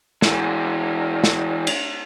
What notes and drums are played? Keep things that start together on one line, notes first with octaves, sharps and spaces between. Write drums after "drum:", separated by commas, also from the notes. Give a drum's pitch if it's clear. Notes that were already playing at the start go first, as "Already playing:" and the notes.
E3 G#3, drum: snare
drum: snare
drum: cymbal